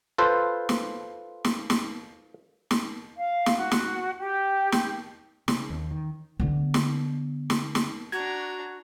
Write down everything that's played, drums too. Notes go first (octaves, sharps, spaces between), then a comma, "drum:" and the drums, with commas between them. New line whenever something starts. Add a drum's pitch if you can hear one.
F4 A4 B4 C5
drum: snare
drum: snare
drum: snare
drum: snare
F5
drum: snare
F#4
drum: snare
G4
drum: snare
C#3, drum: snare
D#2
D#3
D3 B3
drum: snare
drum: snare
drum: snare
D4 F#4 A#5 G#6